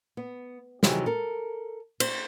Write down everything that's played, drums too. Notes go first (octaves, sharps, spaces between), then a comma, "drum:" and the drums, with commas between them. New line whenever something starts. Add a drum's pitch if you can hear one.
B3
C3 D#3 E3 F#3 G4 G#4, drum: snare
A4 A#4
C5, drum: cymbal